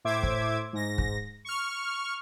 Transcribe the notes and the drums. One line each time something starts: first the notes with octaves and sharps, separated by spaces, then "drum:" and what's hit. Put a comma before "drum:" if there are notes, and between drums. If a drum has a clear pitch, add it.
A2 C5 E5 D6 G#6
drum: kick
G#2 A#6
drum: kick
C#6 F6